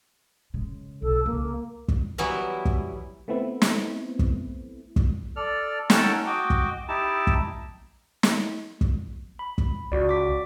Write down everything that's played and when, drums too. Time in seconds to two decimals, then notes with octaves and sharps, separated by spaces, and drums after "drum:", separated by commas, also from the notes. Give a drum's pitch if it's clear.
0.54 C#3 G#3
1.02 B1 A4
1.26 C#2 A#3
1.88 drum: kick
2.18 E3 F#3 G3 B3 E4
2.65 drum: kick
3.28 A3 B3 C4 E4
3.62 drum: snare
4.19 drum: kick
4.96 drum: kick
5.36 A4 D5 F6
5.90 C#4 A4 F#5 G5 A5 A#5, drum: snare
6.26 F#4 D#5 G5 D6
6.50 drum: kick
6.88 D#4 E4 G4 A5
7.27 drum: kick
8.23 drum: snare
8.81 drum: kick
9.39 B5
9.58 drum: kick
9.92 C#2 F#4 D5
10.08 D5 D6 B6